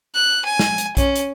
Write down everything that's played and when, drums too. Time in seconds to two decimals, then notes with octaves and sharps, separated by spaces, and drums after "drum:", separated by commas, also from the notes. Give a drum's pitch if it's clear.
0.14 F#6
0.45 G#5
0.59 drum: snare
0.78 drum: hi-hat
0.97 C#4, drum: kick, hi-hat
1.16 drum: hi-hat